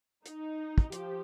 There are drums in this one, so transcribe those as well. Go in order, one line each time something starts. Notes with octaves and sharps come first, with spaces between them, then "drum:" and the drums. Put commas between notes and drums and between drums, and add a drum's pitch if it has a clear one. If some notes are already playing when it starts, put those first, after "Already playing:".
D#4, drum: hi-hat
drum: kick
F3 G4, drum: hi-hat